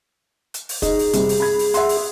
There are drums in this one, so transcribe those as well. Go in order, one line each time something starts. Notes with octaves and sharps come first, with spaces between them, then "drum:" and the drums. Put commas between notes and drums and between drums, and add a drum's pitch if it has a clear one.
drum: hi-hat
drum: open hi-hat
D#4 G#4 D#5, drum: kick, hi-hat
drum: open hi-hat
C3 G3, drum: hi-hat
drum: open hi-hat
B5 G#6
drum: open hi-hat
E5 F#5 C6, drum: hi-hat
drum: open hi-hat